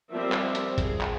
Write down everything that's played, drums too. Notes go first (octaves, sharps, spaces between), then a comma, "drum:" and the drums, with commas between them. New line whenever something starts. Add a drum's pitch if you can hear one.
F3 G3 C4 A#4 E5
drum: clap
drum: hi-hat
G#4, drum: kick A1, hi-hat
drum: clap